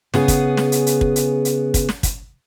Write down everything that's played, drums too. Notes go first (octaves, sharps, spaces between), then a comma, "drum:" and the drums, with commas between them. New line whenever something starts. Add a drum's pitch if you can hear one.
C#3 B3 G#4, drum: snare
drum: kick, hi-hat
drum: snare
drum: hi-hat
drum: hi-hat
drum: kick
drum: hi-hat
drum: hi-hat
drum: kick, hi-hat
drum: snare
drum: kick, hi-hat